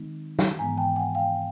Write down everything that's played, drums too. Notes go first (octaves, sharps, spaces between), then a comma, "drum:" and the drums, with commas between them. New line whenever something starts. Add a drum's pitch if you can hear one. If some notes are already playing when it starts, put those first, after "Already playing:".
Already playing: D#3 G#3 C4 D#4
drum: snare
G#2 E3 G#3 B3 G#5 A#5
G5 A5
F#5 G#5
F5 G5